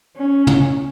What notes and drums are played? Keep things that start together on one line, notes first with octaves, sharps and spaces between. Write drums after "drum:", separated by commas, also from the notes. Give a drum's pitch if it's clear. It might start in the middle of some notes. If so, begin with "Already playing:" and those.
C#4
drum: tom